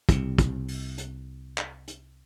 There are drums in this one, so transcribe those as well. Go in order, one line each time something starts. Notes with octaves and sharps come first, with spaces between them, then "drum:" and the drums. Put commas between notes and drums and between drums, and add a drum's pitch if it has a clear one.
C2 C3, drum: kick, hi-hat
drum: kick, hi-hat
drum: open hi-hat
drum: hi-hat
drum: clap
drum: hi-hat